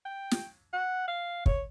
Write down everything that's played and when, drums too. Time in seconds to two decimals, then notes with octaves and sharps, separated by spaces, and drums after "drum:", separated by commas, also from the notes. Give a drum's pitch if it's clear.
0.05 G5
0.31 drum: snare
0.73 F#5
1.08 F5
1.46 C#5, drum: kick